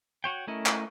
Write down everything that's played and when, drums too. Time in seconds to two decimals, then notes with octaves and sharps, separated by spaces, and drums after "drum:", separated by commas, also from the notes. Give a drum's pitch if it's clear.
0.24 F#4 C#5 G5
0.47 A3 C#4 E4 A#4 D#5
0.66 drum: clap